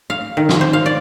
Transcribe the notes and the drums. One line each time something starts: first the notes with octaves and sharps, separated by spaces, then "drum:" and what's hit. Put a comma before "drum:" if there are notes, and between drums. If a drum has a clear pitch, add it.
F5
D#3
drum: snare
C5
F5
D5